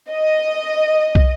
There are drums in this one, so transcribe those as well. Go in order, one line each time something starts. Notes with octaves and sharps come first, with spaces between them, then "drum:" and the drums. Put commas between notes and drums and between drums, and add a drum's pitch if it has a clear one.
D#5
drum: kick